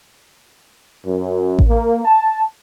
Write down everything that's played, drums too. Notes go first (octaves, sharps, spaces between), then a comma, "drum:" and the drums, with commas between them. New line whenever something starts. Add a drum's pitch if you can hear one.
F#2
drum: kick A1
A#3
A5